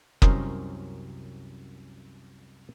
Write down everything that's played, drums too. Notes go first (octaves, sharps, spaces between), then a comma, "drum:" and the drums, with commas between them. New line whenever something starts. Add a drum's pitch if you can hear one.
C2 F#2 C#4 A#4 C5 D#5, drum: kick